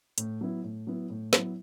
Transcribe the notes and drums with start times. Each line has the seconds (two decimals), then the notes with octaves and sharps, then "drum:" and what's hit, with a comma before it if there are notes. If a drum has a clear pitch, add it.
0.18 A2, drum: hi-hat
0.41 F#3 B3 E4
0.64 A2
0.87 F#3 B3 E4
1.10 A2
1.33 F#3 B3 E4, drum: snare